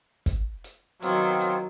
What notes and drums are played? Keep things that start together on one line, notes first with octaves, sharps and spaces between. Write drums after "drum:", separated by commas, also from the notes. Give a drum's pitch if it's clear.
drum: kick, hi-hat
drum: hi-hat
D#3 F#3 B3 C4 F4, drum: hi-hat
drum: hi-hat